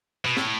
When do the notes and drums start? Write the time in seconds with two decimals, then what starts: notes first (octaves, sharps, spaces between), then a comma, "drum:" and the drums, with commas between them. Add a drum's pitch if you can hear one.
0.25 B2
0.37 A2, drum: snare